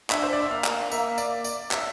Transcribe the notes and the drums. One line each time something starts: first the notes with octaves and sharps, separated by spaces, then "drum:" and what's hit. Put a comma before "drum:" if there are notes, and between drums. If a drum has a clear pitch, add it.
D4 E5, drum: clap
C5
D5
E5
A#3 F5
drum: clap
A#3 E5, drum: tambourine
D5, drum: tambourine
D5, drum: tambourine
E5, drum: clap